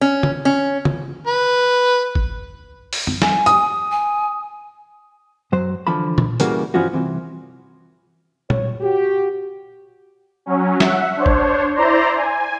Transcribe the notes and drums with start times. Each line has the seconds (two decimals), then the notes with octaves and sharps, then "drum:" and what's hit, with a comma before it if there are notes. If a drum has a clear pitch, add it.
0.01 C#4
0.23 drum: tom
0.45 C#4
0.85 drum: tom
1.27 B4
2.15 drum: kick
2.93 drum: open hi-hat
3.07 drum: tom
3.22 G#5, drum: snare
3.46 D#6, drum: hi-hat
3.92 G#5
5.52 F#2 F#3 C5
5.87 D3 E3 F3 A5 B5
6.18 drum: tom A#2
6.40 C#3 E3 G3 A#3 F#4 A#4, drum: hi-hat
6.74 G2 E3 F3 C#4 F4 F#4
6.93 C2 G2 E3 C4
8.50 C#5, drum: tom A#2
8.81 F#4 G4
10.46 F#3 C#4
10.80 E5 F#5, drum: snare
11.17 D4 C5 C#5
11.26 drum: kick
11.75 E4 C5 D5 A#5 C6
12.16 G#5